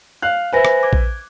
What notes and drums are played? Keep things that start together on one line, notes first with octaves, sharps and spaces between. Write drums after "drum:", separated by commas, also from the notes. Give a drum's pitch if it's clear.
F5 F#6
B4 C5 E5 G#5 A#6
drum: rim click
D6 G#6
drum: kick A#1